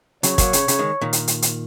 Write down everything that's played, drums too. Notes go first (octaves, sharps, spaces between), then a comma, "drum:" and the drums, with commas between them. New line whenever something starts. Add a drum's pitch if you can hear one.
C#3 F#3 C#5, drum: hi-hat
F#3 A#3, drum: kick, hi-hat
C#3, drum: hi-hat
C#3, drum: hi-hat
D#3 G#3
A#2 D#3
drum: hi-hat
drum: hi-hat
drum: hi-hat